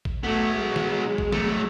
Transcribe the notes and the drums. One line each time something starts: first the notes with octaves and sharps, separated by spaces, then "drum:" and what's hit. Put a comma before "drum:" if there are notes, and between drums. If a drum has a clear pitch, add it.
drum: kick
F#3 A3 B3
G#3
drum: snare
drum: kick
F#3 A3, drum: snare